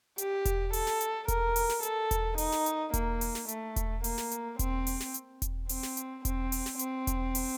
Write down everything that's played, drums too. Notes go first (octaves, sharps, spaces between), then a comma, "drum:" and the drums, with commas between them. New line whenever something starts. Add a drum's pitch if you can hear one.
G4, drum: hi-hat
drum: kick E1, hi-hat
A4, drum: open hi-hat
drum: snare
drum: hi-hat
A#4, drum: kick E1, hi-hat
drum: open hi-hat
drum: snare
A4, drum: hi-hat
drum: kick E1, hi-hat
D#4, drum: open hi-hat
drum: snare
drum: hi-hat
A#3, drum: kick E1, hi-hat
drum: open hi-hat
drum: snare
A3, drum: hi-hat
drum: kick E1, hi-hat
A#3, drum: open hi-hat
drum: snare
drum: hi-hat
C4, drum: kick E1, hi-hat
drum: open hi-hat
drum: snare
drum: hi-hat
drum: kick E1, hi-hat
C4, drum: open hi-hat
drum: snare
drum: hi-hat
C4, drum: kick E1, hi-hat
drum: open hi-hat
drum: snare
C4, drum: hi-hat
drum: kick E1, hi-hat
drum: open hi-hat